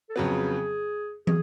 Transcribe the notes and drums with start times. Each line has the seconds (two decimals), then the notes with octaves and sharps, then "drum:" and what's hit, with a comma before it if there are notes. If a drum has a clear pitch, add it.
0.09 A4
0.16 F2 C#3 F#3 B3 G#4
1.27 G#4, drum: tom